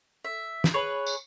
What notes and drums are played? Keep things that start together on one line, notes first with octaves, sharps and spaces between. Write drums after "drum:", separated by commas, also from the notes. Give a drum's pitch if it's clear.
E5
drum: snare
G#4 B4 C#5
drum: tambourine